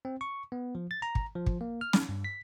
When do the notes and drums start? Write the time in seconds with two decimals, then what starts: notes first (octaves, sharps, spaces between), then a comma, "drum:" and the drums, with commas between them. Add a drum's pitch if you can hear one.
0.05 C4
0.21 C#6
0.52 B3
0.75 F3
0.91 A6
1.02 A#5
1.15 drum: kick
1.35 F3
1.46 drum: kick
1.61 A#3
1.81 F6
1.93 drum: snare
2.09 G2
2.24 B6